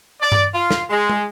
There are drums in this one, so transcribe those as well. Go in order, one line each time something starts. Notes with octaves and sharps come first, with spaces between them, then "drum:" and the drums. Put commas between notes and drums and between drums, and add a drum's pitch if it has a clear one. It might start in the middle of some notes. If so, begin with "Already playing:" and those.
D5
drum: tom G2
F4
drum: snare
G#3
drum: tom